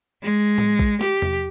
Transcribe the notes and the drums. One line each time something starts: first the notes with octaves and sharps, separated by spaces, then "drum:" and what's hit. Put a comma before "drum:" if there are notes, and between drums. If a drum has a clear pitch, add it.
G#3
drum: tom A2
drum: kick A#1
G4, drum: snare
drum: tom E2